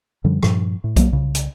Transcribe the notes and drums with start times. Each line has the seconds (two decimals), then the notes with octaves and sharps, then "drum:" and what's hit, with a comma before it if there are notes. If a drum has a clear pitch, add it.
0.24 F#2 D3 F3 G3
0.43 G2 A#2 F3, drum: rim click
0.84 A2
0.96 B1 F#3 A#3, drum: kick B1, hi-hat
1.12 C2 C#3
1.35 drum: hi-hat